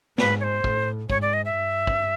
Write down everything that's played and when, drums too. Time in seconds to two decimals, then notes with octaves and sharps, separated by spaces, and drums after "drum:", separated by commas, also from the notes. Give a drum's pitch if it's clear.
0.18 G#2 B4, drum: snare
0.40 C#5
0.44 C5
0.64 A2, drum: kick
1.10 G#2 C#5, drum: kick
1.22 D5
1.33 D#5
1.45 E5
1.56 G2
1.87 drum: kick